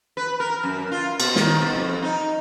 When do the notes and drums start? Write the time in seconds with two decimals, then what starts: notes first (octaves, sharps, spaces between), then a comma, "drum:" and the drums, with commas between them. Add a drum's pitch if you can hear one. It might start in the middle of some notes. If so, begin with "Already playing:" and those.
0.17 B4
0.40 A#4
0.64 F#2
0.92 F4
1.20 B2, drum: cymbal
1.36 D#3, drum: snare
1.62 B2
1.75 F2
2.03 D#4